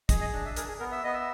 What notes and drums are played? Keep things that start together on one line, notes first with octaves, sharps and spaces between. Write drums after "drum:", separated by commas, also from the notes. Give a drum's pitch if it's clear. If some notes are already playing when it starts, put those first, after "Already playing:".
G#4 D#5, drum: kick, hi-hat
D#5
D4
E5
G#4 A#4, drum: hi-hat
G#4
B3 A#4
E5
B3 D#5
E5